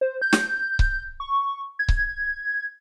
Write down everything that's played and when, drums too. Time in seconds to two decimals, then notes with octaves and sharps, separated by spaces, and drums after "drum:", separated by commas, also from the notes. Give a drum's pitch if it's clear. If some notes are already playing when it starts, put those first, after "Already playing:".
0.01 C5
0.22 G6
0.33 drum: snare
0.79 drum: kick C#1
1.20 C#6
1.79 G#6
1.88 drum: kick C#1